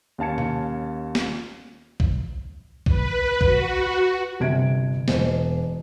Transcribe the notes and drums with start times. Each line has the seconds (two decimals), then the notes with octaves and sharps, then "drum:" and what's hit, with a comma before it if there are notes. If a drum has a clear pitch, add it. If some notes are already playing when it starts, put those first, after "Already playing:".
0.18 D#2 C#4 F5 A5 G#6 C#7
0.38 drum: tom B2
1.15 drum: snare
2.00 drum: kick B1
2.86 B4, drum: kick B1
3.41 F#4, drum: kick B1
4.40 G1 C3 G#6 D7
5.08 E1 C5 D#5, drum: snare